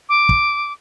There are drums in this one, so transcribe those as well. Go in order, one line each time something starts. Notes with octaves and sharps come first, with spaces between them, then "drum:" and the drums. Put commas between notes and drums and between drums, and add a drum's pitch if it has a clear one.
D6
drum: kick